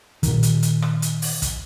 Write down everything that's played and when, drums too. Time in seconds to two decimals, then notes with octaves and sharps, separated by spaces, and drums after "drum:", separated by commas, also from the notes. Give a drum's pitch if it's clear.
0.23 A#2 D#3, drum: kick, hi-hat
0.43 drum: hi-hat
0.63 drum: hi-hat
0.82 drum: rim click
1.02 drum: hi-hat
1.22 drum: open hi-hat
1.42 drum: kick, hi-hat